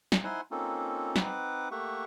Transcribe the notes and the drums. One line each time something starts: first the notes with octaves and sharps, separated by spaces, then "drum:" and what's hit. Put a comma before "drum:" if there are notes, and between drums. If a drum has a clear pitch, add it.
drum: snare
D#4 E4 C5 F#5 G#5 C6
A#3 C4 C#4 D#4 F4 A4
C4 D#4 B4 F#5 D6, drum: snare
A3 A#3 G4 E5 F#5 C#6